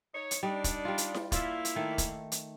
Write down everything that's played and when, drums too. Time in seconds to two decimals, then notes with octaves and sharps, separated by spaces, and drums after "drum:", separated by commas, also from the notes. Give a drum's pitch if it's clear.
0.14 D#4 C#5
0.31 drum: hi-hat
0.43 G3 D4 D#4
0.64 drum: kick, hi-hat
0.85 G3 F4
0.98 drum: hi-hat
1.14 drum: snare E4
1.32 A#3 E4 F4 D5 E5, drum: kick, hi-hat
1.65 drum: hi-hat
1.76 D#3 A3
1.98 drum: kick, hi-hat
2.32 drum: hi-hat